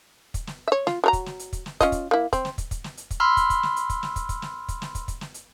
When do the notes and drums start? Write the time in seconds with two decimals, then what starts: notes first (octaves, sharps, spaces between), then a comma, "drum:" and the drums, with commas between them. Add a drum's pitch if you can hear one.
0.34 drum: kick, hi-hat
0.47 drum: snare
0.68 C#5 E5
0.87 F4, drum: snare
1.04 F#3 A#4 A#5
1.13 drum: kick, hi-hat
1.26 drum: snare
1.39 drum: hi-hat
1.53 drum: kick, hi-hat
1.66 drum: snare
1.80 C#4 F4 D#5, drum: kick, hi-hat
1.92 drum: kick, hi-hat
2.11 A#3 E4
2.33 C4, drum: kick, hi-hat
2.45 drum: snare
2.58 drum: kick, hi-hat
2.71 drum: kick, hi-hat
2.84 drum: snare
2.97 drum: hi-hat
3.11 drum: kick, hi-hat
3.20 B5 C6 E6 F6
3.37 drum: kick, hi-hat
3.50 drum: kick, hi-hat
3.63 drum: snare
3.76 drum: hi-hat
3.90 drum: kick, hi-hat
4.03 drum: snare
4.16 drum: kick, hi-hat
4.29 drum: kick, hi-hat
4.42 drum: snare
4.69 drum: kick, hi-hat
4.82 drum: snare
4.95 drum: kick, hi-hat
5.08 drum: kick, hi-hat
5.21 drum: snare
5.34 drum: hi-hat